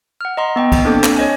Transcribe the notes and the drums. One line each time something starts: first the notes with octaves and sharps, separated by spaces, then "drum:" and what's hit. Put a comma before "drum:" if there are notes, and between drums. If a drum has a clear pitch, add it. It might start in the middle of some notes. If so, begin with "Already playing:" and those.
F#5 F6
D#5 A#5 C6
B3 D#5 G5
drum: kick, cymbal
A#3 C4 D4 A4 D6
drum: clap
C#5 D#5 G#5